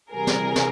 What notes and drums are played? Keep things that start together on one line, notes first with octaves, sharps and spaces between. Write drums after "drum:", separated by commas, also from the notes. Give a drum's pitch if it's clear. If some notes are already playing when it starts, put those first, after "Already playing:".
C3 E3 G3 G#4 A#4
drum: snare
drum: snare